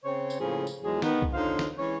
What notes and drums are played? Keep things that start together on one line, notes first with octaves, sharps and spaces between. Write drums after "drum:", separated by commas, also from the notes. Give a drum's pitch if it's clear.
C#3 C4 C5 C#5
drum: tambourine
A2 C#3 F3 A#3 C#4 G#4
drum: tambourine
E2 F3 F#3 G#3 G#4
D#3 B3, drum: snare
drum: kick B1
D3 D#4 F4 C5 C#5 F5
drum: snare
E3 G#3 C#4 C#5